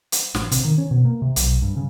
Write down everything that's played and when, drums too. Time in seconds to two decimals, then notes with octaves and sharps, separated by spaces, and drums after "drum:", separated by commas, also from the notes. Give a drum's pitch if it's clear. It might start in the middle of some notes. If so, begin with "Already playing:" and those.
0.12 drum: hi-hat
0.35 A1, drum: snare
0.52 C3, drum: hi-hat
0.65 D#3
0.78 C#4
0.91 B2
1.05 A#3
1.22 C3
1.36 B1, drum: hi-hat
1.62 G2
1.77 C#3